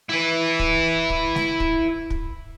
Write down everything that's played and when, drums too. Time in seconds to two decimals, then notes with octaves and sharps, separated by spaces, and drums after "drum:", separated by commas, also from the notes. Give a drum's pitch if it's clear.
0.09 E4 B4
0.59 drum: kick
1.10 drum: kick
1.35 drum: snare G#3
1.60 drum: kick
2.10 drum: kick